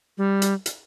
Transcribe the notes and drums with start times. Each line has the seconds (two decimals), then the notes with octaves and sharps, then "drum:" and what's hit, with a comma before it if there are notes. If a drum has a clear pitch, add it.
0.18 G3
0.42 drum: hi-hat
0.66 drum: hi-hat